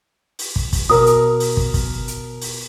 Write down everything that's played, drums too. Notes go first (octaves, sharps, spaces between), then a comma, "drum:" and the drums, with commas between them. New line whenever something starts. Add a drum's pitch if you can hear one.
drum: open hi-hat
drum: kick
drum: kick, open hi-hat
B2 A#4 D#6
drum: hi-hat
drum: open hi-hat
drum: kick
drum: kick, open hi-hat
drum: hi-hat
drum: open hi-hat